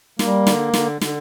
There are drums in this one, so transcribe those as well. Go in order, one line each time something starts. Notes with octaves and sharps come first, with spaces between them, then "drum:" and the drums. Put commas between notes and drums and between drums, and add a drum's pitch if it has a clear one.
G3 A#3, drum: snare
D3, drum: snare
D3, drum: snare
D3, drum: snare